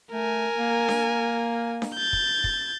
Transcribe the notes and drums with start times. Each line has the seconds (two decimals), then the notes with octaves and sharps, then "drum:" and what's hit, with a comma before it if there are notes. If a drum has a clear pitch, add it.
0.13 A3 A#4 G#5
0.57 A#3
0.88 drum: snare D4
1.82 drum: snare D4
1.95 G6 A6
2.13 drum: kick
2.44 drum: kick